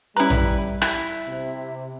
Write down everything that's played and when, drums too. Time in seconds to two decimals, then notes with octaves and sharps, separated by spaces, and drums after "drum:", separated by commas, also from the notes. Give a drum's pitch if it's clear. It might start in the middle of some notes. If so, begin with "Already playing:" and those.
0.17 G3 C#4 E4 B4 A#5
0.30 drum: tom
0.82 E4 F#6, drum: rim click
1.29 C3